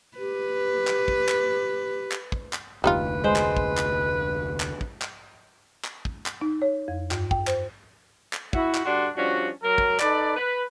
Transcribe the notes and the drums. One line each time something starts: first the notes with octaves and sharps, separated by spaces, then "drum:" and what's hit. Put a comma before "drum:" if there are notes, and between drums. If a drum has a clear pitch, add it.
G4 B4
drum: clap
drum: kick
drum: clap
drum: clap
drum: kick
drum: clap
F1 D2 G3 D#4 F4 B4
G#3 C5
drum: clap
drum: kick
drum: clap
drum: clap
drum: kick
drum: clap
drum: clap
drum: kick
drum: clap
D#4
C#5
F2
G2, drum: clap
G5, drum: kick
C5, drum: clap
drum: clap
E4 F#4 E5, drum: kick
drum: clap
D3 G3 D4 F#4 D5 C6
F3 G3 C#4 D4 F#4
F#3 A#4
drum: kick
D#4 A4 B4 D5, drum: clap
B4